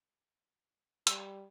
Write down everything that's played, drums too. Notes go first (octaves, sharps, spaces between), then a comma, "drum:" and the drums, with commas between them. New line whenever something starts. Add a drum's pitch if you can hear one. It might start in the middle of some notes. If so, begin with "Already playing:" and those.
G3 E6, drum: hi-hat